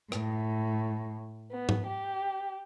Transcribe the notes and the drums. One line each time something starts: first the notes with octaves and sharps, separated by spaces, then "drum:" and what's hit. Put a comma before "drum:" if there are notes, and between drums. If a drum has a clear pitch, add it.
A2, drum: rim click
B3
drum: tom G#2
G4